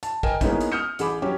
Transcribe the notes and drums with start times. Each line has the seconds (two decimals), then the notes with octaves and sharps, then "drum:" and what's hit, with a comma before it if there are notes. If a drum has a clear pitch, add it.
0.03 A5, drum: hi-hat
0.23 A#4 D#5 G5 G#5, drum: kick
0.41 G#3 A#3 B3 C#4 D#4 E4, drum: kick, hi-hat
0.61 drum: hi-hat
0.72 D#6 F6 G6 C#7
0.99 A1 G#4 B5 D6, drum: hi-hat
1.22 F#3 C#4 G4